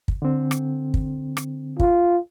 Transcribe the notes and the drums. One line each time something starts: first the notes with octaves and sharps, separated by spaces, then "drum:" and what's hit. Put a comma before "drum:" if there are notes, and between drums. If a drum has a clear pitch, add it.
drum: kick
D3 C4
drum: rim click
drum: kick
drum: rim click
F4, drum: kick